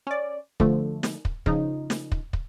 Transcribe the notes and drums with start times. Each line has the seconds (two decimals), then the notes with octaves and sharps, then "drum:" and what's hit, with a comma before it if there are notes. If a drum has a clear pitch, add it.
0.07 C#4 D5
0.60 D3 F3 A3, drum: kick
1.03 drum: snare
1.25 drum: kick
1.46 C#3 F3 D#4, drum: kick
1.90 drum: snare
2.12 drum: kick
2.33 drum: kick